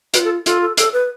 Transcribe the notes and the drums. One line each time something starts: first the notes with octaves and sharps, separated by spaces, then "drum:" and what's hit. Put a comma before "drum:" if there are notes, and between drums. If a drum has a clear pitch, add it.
F#4 B4, drum: hi-hat
F4
A4
F4 A4, drum: hi-hat
A4
A4, drum: hi-hat
B4